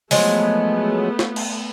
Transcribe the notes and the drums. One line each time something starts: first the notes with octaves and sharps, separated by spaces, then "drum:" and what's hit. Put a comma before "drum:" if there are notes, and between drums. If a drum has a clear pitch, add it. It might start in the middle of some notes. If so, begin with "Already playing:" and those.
F3 F#3 G#3 A3 B3, drum: open hi-hat
drum: snare
drum: cymbal